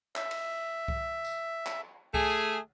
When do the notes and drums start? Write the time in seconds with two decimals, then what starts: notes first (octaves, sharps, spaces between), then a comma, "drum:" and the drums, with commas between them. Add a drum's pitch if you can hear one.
0.16 E5, drum: clap
0.31 drum: cymbal
0.88 drum: kick C2
1.25 drum: tambourine
1.66 drum: clap
2.14 A3 G#4, drum: kick C2